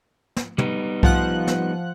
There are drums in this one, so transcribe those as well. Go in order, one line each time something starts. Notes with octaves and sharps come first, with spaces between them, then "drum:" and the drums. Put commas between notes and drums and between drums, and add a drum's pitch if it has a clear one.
drum: snare
G3 B3 D#4, drum: tom
F3 F#5 F#6, drum: kick B1
drum: snare